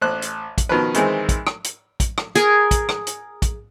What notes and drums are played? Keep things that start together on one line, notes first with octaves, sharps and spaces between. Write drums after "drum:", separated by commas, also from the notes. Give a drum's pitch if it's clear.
A1 C5 F#6
drum: hi-hat
drum: kick, hi-hat
B2 D#3 F3 B4
D#3 E3 G#3 C4, drum: hi-hat
drum: kick, hi-hat
drum: rim click
drum: hi-hat
drum: kick, hi-hat
drum: rim click
G#4 A#4, drum: hi-hat
drum: kick, hi-hat
drum: rim click
drum: hi-hat
drum: kick, hi-hat